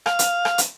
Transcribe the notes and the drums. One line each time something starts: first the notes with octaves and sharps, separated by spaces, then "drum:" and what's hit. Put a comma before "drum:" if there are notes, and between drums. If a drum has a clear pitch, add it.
F5, drum: rim click
drum: hi-hat
drum: rim click
drum: hi-hat